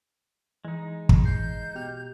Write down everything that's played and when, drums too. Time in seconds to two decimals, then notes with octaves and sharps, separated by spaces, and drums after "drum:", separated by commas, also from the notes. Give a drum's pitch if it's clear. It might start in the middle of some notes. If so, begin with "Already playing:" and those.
0.65 E3 G#3 D#4
1.09 drum: kick
1.25 G6 C7
1.75 B2 G4 F6